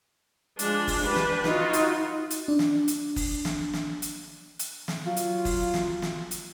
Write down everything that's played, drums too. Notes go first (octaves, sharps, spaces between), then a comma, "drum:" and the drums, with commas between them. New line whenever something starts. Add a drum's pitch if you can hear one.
F3 G#3 D4, drum: hi-hat
drum: kick F#1, open hi-hat
D4 G4 B4
drum: snare
D#4 F4 F#4, drum: snare
drum: hi-hat
drum: hi-hat
D4
drum: snare
drum: hi-hat
drum: kick F#1, open hi-hat
drum: snare
drum: snare
drum: hi-hat
drum: hi-hat
drum: snare
F#3 F4
drum: hi-hat
drum: kick F#1, open hi-hat
drum: snare
drum: snare
drum: hi-hat